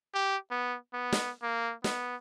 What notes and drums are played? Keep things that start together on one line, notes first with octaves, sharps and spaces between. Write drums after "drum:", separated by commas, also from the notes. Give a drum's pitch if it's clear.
G4
B3
B3
drum: snare
A#3
B3, drum: snare